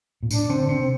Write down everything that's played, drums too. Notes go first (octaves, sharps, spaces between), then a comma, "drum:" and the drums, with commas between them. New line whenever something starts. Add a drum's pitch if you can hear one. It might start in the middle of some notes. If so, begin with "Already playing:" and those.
A#2
A2 D4, drum: tambourine
D3 C4
C3 C4
C4